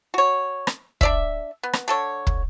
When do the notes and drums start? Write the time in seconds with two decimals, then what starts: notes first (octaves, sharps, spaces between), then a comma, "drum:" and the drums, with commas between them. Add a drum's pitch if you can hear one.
0.14 F#4 C#5
0.67 drum: rim click
1.01 D4 D5 E5, drum: kick
1.63 B3
1.73 drum: rim click
1.88 D3 A4 C#5
2.27 drum: kick